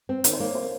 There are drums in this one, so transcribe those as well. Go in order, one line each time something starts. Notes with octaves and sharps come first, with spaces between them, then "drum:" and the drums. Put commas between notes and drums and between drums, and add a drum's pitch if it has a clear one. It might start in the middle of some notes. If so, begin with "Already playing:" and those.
C4
D#3 C#5, drum: hi-hat
C5
A#3 C#5
C5